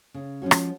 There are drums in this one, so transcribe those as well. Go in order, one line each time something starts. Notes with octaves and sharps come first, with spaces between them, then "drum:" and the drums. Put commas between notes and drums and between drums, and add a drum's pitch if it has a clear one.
C#3
F3 G#3 C#4 F#4
drum: rim click